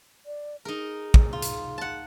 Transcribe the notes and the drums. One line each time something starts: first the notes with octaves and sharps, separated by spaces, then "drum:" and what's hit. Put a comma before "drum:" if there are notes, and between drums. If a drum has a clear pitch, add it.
D5
D#4 G#4 A#4
drum: kick
F4
drum: hi-hat
F#5 A5